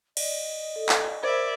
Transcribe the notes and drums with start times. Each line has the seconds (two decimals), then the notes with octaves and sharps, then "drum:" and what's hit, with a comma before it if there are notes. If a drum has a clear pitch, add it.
0.17 D5 D#5, drum: cymbal
0.76 A4
0.89 drum: clap
1.23 A#4 C5 D5 E5 B5